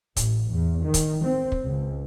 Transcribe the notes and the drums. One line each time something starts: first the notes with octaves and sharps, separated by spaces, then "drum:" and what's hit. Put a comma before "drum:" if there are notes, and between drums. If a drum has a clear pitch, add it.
A1, drum: kick, hi-hat
E2
D#3
drum: kick, hi-hat
C4
drum: kick
C#2